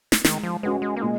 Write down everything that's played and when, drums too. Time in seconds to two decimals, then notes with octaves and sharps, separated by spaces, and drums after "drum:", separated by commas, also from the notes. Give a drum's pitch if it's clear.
0.12 drum: snare
0.25 D#3 G#3, drum: snare
0.43 F3
0.63 G#3 C#4 F#4 B4
0.82 G#3
0.96 A#3
1.02 A#2 G#3